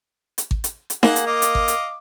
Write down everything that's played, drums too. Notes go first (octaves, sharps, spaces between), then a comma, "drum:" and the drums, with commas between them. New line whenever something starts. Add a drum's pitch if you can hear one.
drum: hi-hat
drum: kick G#1
drum: hi-hat
drum: hi-hat
A#3 G#4 F#5, drum: snare D#4
drum: hi-hat
D#5 F5 D6
drum: hi-hat
drum: kick G#1
drum: hi-hat